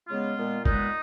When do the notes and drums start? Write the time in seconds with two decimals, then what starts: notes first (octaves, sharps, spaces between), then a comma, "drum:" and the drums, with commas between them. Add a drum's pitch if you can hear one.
0.08 C#3 G#3 B3 F4
0.36 A#2 G#3 B3
0.66 A#2 G#3 B3 D#4, drum: kick